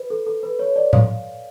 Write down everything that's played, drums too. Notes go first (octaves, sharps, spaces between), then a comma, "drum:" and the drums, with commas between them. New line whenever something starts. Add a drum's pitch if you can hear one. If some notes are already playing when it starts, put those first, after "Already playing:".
Already playing: B4
A4
A4
B4
C#5
D5
F5, drum: tom A2